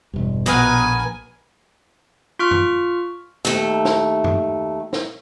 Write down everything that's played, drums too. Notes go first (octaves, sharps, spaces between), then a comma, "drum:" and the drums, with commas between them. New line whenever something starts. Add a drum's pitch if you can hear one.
E1 G2
A#1 B2 A#4 B4 F#5 G#5 D#6 F6, drum: hi-hat
F4 C#6 F6
drum: tom F#2
D#2 A3, drum: hi-hat
drum: snare
drum: tom F#2
drum: snare